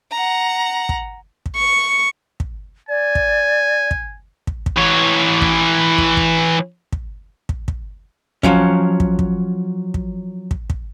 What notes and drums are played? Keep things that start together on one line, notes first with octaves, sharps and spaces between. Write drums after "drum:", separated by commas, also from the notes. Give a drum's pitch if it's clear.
F#5 A#5
drum: kick
drum: kick
C#6
drum: kick
D5 G#5
drum: kick
drum: kick
drum: kick
drum: kick
E3 C#5
drum: kick
drum: kick
drum: kick
drum: kick
drum: kick
drum: kick
F3 F#3 C#4, drum: kick
drum: kick
drum: kick
drum: kick
drum: kick
drum: kick